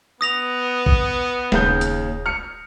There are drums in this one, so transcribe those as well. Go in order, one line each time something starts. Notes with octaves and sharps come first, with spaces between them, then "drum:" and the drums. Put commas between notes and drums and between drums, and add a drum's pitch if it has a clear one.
B3 D#6 A#6 F7
drum: kick A#1
D#1 D#2 C#3 G6, drum: snare
drum: hi-hat
F6 C#7